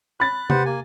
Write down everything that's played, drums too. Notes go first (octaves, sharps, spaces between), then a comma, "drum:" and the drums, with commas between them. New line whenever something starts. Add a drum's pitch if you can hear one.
B5 F#6 A6
G4 B4 C5 F#5, drum: tom C3
A#3 G#5